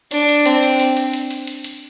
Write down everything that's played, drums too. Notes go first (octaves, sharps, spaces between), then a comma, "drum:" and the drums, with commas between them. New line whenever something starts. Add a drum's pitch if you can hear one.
D4, drum: hi-hat
drum: hi-hat
C4, drum: hi-hat
drum: hi-hat
drum: hi-hat
drum: hi-hat
drum: hi-hat
drum: hi-hat
drum: hi-hat
drum: hi-hat